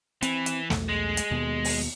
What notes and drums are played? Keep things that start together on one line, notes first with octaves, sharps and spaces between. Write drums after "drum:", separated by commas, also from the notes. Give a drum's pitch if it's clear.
E3 C4, drum: hi-hat
drum: hi-hat
B1 E2 A3, drum: snare
G#3
drum: hi-hat
D#2 B2
drum: open hi-hat